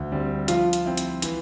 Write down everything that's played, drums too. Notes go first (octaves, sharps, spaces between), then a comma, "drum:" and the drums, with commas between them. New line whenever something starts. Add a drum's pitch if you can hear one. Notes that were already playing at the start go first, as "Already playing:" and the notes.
Already playing: D2
D3 G3 C4
F3 F4, drum: hi-hat
drum: hi-hat
C4 E4
drum: hi-hat
E3, drum: hi-hat